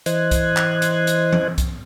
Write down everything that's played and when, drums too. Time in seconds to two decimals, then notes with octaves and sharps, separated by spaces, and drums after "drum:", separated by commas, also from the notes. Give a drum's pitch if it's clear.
0.06 E3 C5 D#5 F#6 G#6, drum: hi-hat
0.31 drum: kick B1, hi-hat
0.57 drum: clap
0.82 drum: hi-hat
1.07 drum: hi-hat
1.33 drum: tom E3
1.58 drum: kick B1, hi-hat